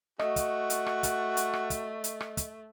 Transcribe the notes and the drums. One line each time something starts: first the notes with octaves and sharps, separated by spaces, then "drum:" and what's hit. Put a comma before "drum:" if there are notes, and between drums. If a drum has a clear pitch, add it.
A3 F#4 D#5, drum: rim click
drum: kick, hi-hat
drum: hi-hat
drum: rim click
drum: kick, hi-hat
drum: hi-hat
drum: rim click
drum: kick, hi-hat
drum: hi-hat
drum: rim click
drum: kick, hi-hat